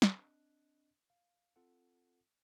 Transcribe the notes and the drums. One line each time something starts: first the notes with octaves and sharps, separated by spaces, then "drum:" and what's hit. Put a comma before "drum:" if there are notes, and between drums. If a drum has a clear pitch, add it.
drum: snare
C4 D4 D#5 F#6
F5
C4 F4 A4 F#5